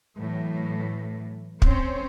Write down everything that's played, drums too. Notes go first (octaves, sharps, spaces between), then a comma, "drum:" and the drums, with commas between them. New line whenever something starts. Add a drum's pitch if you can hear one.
A2 E3 F#3
C4 C#4 C5 C#5, drum: kick